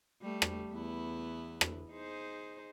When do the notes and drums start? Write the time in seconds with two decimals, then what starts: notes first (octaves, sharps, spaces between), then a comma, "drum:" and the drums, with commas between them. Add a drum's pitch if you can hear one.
0.22 G3 A3
0.42 drum: rim click
0.70 E2 B3 E4
1.61 drum: rim click
1.91 D#4 G#4 C5